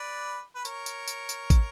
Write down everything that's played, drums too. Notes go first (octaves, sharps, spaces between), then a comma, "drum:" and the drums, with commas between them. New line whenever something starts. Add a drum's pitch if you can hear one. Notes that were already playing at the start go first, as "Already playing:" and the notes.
Already playing: B4 D5
B4
A#4 C#5, drum: tambourine
drum: tambourine
drum: tambourine
drum: tambourine
drum: kick, tambourine